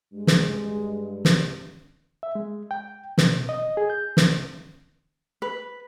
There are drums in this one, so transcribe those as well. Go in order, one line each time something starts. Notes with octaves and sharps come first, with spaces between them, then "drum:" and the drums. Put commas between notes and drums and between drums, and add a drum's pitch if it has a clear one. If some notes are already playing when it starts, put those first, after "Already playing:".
G2 G#3
drum: snare
drum: snare
E5
G#3
G5
B2, drum: snare
D#5
G#4
G6
drum: snare
B4